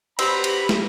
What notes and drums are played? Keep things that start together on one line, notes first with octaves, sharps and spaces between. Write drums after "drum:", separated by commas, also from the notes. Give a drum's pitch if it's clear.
F#3 C4 G4 B4 A#5 B5, drum: cymbal
drum: cymbal
drum: snare